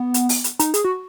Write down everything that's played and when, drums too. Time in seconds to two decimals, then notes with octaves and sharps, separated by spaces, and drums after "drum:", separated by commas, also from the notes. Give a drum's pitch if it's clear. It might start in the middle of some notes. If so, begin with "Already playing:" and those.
Already playing: B3
0.14 drum: hi-hat
0.29 drum: open hi-hat
0.44 drum: hi-hat
0.59 D#4, drum: hi-hat
0.74 G#4, drum: hi-hat
0.84 F#4